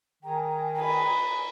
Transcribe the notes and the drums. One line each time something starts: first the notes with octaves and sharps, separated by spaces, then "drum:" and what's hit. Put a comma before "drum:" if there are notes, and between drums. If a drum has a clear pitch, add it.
D#3 G#4 G5 G#5 A#5
B4, drum: cymbal